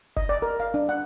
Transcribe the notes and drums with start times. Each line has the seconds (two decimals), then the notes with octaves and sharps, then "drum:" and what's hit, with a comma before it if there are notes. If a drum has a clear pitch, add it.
0.17 D#5, drum: kick F#1
0.29 D5
0.42 A#4
0.60 F5
0.74 D4
0.89 F#5